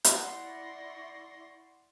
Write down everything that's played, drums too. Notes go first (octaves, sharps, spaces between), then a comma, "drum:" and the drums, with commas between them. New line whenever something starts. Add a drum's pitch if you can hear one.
drum: hi-hat
E4 D5 F#5 C6 C#6 A#6